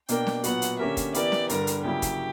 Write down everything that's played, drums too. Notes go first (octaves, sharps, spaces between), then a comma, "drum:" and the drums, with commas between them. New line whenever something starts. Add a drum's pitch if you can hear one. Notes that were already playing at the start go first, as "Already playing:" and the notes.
B2 A#3 D4 A#4 G5, drum: hi-hat
drum: snare
A#2 F#3 B3 F#4 F#5, drum: hi-hat
drum: hi-hat
D3 A#3 C#4 G4 A#4 E5
drum: kick, hi-hat
E3 B3 E4 G4 A#4 D5, drum: hi-hat
drum: snare
G2 D3 G3 A#4, drum: hi-hat
drum: hi-hat
C#3 F#3 A#3 E4 G4
drum: kick, hi-hat